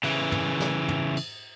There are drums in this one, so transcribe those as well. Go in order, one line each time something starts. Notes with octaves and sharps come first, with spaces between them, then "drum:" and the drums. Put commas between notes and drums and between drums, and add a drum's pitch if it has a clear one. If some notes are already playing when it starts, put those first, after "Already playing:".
C#3 E3, drum: cymbal
drum: tom
drum: snare
drum: tom
drum: cymbal